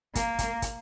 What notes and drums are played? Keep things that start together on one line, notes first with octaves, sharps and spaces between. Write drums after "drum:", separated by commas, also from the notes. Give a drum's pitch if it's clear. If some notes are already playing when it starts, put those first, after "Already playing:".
A#3, drum: kick, hi-hat
drum: kick, hi-hat
drum: kick, hi-hat